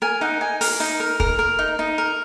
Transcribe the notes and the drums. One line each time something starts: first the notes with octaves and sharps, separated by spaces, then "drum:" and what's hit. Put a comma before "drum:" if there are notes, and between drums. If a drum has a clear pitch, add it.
A#4 G#5
D#4 F#5
D#4 G#5
A#4 A#5, drum: open hi-hat
D#4
A#4
A#4, drum: kick
A#4
D#4
D#4
A#4